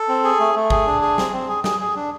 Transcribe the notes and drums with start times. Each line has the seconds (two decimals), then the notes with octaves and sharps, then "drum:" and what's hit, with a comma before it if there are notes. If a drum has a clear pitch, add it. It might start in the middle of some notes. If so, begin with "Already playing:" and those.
Already playing: A4
0.09 C4
0.24 G#4
0.39 A3
0.55 A3
0.70 G#4, drum: kick A1
0.87 D4
1.01 G#4
1.18 C4, drum: snare
1.33 C4
1.48 G#4
1.64 G#4, drum: snare
1.80 G#4
1.95 D4